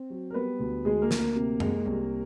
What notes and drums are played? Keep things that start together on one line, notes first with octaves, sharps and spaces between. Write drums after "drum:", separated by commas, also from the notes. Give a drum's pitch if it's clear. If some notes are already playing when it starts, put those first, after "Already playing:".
Already playing: C4
F#3
A#4
G3 B3 B4
D2
D2 G#3 G#4
A#3 A#4
D2, drum: snare
A#3 A#4
C3
G#3, drum: tom F#2
C2